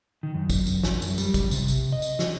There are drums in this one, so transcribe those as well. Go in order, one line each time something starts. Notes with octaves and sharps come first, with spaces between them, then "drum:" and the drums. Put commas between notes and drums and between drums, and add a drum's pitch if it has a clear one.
D#3
F#2
drum: kick, tambourine
drum: tambourine
drum: snare
F#2, drum: tambourine
G3, drum: tambourine
drum: kick, tambourine
C3, drum: tambourine
drum: tambourine
D#5
drum: tambourine
drum: snare